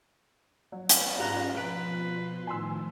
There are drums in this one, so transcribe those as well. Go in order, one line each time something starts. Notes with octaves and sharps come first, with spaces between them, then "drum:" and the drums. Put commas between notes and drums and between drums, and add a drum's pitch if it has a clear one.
F#3
drum: hi-hat
G#2 C#4 F4 G4 A#5 F#6
B2 F3 F4 B4 C6 D7
A2 D#3 F3 G#5 C6 E6